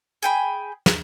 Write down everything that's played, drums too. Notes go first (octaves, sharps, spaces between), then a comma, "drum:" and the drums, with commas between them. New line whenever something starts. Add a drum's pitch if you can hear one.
G#4 G5 B5
drum: snare